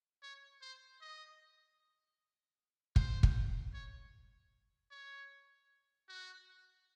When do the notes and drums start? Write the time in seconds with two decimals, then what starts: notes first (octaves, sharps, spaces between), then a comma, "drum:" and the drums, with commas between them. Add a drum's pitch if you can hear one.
0.22 C#5
0.61 C5
1.01 D#5
2.96 C5, drum: kick
3.23 drum: kick
3.74 C#5
4.91 C#5
6.08 F#4